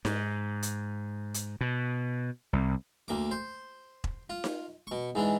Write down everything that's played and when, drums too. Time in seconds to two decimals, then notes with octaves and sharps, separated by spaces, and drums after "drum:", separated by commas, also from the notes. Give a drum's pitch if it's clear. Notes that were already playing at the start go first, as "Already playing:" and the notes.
0.05 G#2, drum: snare D#4
0.63 drum: hi-hat
1.34 drum: hi-hat
1.61 B2
2.53 C2
3.08 D2 A#3 D6
3.31 C5
4.04 drum: kick E1
4.30 F4
4.44 drum: snare D#4
4.87 B2 C#6
5.15 G#2 E3 G#3 D4